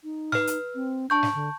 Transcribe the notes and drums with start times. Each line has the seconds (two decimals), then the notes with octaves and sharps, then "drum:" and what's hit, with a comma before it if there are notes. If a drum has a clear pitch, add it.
0.04 D#4
0.32 B4 F6, drum: snare
0.47 drum: hi-hat
0.75 C4
1.10 D4 A5 C#6 G6
1.23 drum: snare
1.35 D3